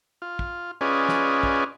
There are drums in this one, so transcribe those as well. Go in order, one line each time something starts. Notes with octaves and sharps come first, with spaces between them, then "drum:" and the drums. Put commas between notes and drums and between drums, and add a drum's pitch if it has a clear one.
F4
drum: kick
C#4 F4 G#4 B4 D5 D#5
drum: snare
drum: kick